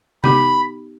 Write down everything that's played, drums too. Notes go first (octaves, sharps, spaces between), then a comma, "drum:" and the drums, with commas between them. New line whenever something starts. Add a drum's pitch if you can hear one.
B3 D#4 G4 B5, drum: tom C3